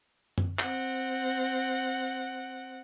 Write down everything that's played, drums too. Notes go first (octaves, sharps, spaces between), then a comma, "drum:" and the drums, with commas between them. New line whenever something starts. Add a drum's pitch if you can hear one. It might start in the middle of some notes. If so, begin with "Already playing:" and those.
drum: tom F#2
C4 F#5, drum: clap